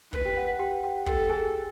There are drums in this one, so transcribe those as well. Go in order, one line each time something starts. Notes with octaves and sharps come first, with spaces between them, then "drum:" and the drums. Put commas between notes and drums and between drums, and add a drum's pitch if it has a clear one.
B4, drum: kick
G4 G5
F#5
F#5
G4 G5
G4 G5
G4 A4 G5, drum: kick
G#4 G#5